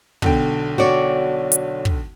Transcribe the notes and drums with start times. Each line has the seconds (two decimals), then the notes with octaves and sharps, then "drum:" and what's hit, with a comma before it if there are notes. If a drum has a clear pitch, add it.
0.22 B1 D3 G5, drum: kick
0.78 F#4 C#5 D5
1.52 drum: hi-hat
1.85 drum: kick